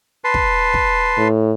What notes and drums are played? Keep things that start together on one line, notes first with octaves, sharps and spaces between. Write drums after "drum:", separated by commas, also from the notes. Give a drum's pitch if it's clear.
B4 A5 C6
drum: kick
drum: kick
A2